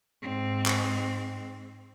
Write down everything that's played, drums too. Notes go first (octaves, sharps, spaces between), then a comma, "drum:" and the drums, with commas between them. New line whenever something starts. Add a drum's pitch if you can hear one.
G#2 C4
drum: clap